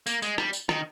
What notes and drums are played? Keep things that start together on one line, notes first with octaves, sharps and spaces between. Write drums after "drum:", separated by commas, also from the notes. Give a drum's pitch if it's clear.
A#3, drum: tambourine
G#3, drum: tambourine
G3, drum: rim click
drum: tambourine
D#3, drum: rim click